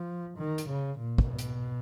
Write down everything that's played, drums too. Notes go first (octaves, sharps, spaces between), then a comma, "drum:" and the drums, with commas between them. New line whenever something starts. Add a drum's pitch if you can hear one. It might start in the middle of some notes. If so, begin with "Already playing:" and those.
Already playing: F3
D#3
drum: hi-hat
C#3
A#2
drum: kick
B2
drum: hi-hat